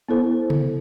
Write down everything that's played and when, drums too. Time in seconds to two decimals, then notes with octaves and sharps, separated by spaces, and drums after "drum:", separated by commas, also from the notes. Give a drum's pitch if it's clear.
0.08 B3 E4 A4 C5
0.50 drum: tom C3